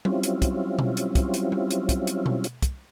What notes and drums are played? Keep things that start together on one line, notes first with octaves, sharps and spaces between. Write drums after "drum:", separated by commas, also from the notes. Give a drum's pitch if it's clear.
F#3 G3 C4 C#4 E4 F4, drum: tom F#3
drum: hi-hat
drum: kick, hi-hat
drum: tom B2
drum: hi-hat
drum: kick, hi-hat
drum: hi-hat
drum: tom F#3
drum: hi-hat
drum: kick, hi-hat
drum: hi-hat
drum: tom B2
drum: hi-hat
drum: kick, hi-hat